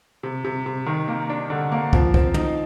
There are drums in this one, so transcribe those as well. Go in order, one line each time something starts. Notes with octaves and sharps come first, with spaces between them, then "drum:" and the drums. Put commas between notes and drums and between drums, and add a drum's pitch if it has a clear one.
C3
C3
C3
D#3
A#3
D4
D3
A#3
F3, drum: kick
C4, drum: kick
D#4, drum: tom